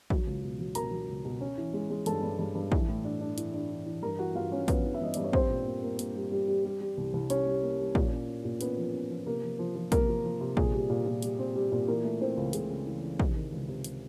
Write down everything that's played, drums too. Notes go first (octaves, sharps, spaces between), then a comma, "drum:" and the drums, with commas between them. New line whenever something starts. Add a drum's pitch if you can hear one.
F#3, drum: kick
C#2
B2
F#3
B2 A#4 A#5, drum: hi-hat
F#3
C#2
B2
C#4
E3
G#3
G#3
G2 A4 A5, drum: hi-hat
G2
G2
G2
E3, drum: kick
A2
D4
D4
E3, drum: hi-hat
D4
E3
E3
G2 A#4 A#5
E3 F#4 F#5
G2 F4 F5
G2 C#4 C#5
G2 B3 B4, drum: kick, hi-hat
E3
E5
G2 D#5
G2 D5, drum: hi-hat
C#5
G3 C4 C5, drum: kick
A#2
A#3
A#3
A#3, drum: hi-hat
G3
G3
G3
G3
G3
C2
C2
G3 C#4 C#5, drum: hi-hat
G3
A#3
G3
A#2, drum: kick
C#4
C#4
A#2
B3 C#4 B4, drum: hi-hat
F3
C#4
F3
C3 A#3 A#4
F3
F3
F3
C3 A#3 A#4, drum: kick, hi-hat
F3
F3
C3
A#2 G#4, drum: kick
G3
A#2
A#2
G3, drum: hi-hat
C4
G3
A#2
E3 A#3 A#4
A3
E3 C4 C5
C#2
C#2 G#4, drum: hi-hat
C#3
E3
E3
C3, drum: kick
D#3
C#2
C3
drum: hi-hat